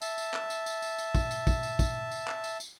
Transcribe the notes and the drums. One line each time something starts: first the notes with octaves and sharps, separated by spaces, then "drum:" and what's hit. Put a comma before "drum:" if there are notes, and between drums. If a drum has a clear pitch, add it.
E5 A5, drum: tambourine
drum: tambourine
drum: clap
drum: tambourine
drum: tambourine
drum: tambourine
drum: tambourine
drum: kick, tambourine
drum: tambourine
drum: kick, tambourine
drum: tambourine
drum: kick, tambourine
drum: tambourine
drum: clap
drum: tambourine
drum: tambourine